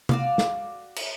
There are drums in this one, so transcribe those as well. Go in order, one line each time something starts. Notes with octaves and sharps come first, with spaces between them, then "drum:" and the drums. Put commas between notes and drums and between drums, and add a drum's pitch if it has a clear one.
F#4 D5 F5, drum: tom C3
drum: snare
drum: cymbal